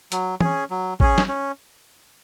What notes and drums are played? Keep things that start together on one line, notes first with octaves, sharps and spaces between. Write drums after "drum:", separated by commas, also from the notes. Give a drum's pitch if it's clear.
F#3, drum: hi-hat
C#4 G#4, drum: tom
F#3
C#4 G#4, drum: kick
drum: snare
C#4